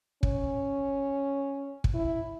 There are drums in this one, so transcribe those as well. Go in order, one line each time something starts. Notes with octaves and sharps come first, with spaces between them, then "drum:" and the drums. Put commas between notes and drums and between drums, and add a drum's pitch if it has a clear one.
C#4, drum: kick
drum: kick
E4